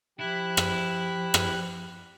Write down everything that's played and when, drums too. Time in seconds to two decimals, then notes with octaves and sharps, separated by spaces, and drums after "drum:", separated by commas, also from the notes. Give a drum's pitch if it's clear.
0.19 F3 E4 G4 E5 F#6
0.57 drum: rim click
1.34 drum: rim click